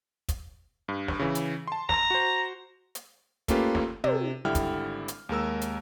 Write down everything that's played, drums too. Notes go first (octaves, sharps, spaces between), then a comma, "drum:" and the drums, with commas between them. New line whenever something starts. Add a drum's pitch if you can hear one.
drum: kick, hi-hat
G2
drum: snare
C#3 E3
drum: hi-hat
A5 C6
A#5, drum: snare
F#4 C5
drum: hi-hat
A3 A#3 C#4 F4 G4 B4, drum: kick, hi-hat
drum: snare
C3, drum: tom
G#1 D3 G3 E4 G5 F6
drum: kick, hi-hat
drum: hi-hat
D#2 G#3 A#4 E6
drum: hi-hat